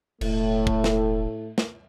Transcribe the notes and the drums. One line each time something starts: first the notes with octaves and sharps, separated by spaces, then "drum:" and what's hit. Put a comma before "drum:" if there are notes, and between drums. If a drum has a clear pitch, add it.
E1 A2 A3, drum: cymbal
drum: kick
drum: snare
drum: snare